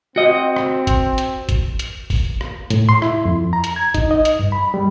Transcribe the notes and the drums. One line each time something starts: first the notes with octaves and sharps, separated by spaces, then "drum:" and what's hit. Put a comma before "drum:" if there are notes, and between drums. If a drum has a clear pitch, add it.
C4 F#4 D#5
drum: rim click
drum: kick, hi-hat
drum: hi-hat
drum: kick, hi-hat
drum: hi-hat
drum: kick, open hi-hat
drum: rim click
A2, drum: hi-hat
C6
E4, drum: rim click
F2
A#5
drum: hi-hat
G#6
D#4, drum: kick, hi-hat
D#5
drum: hi-hat
G2
B5
G3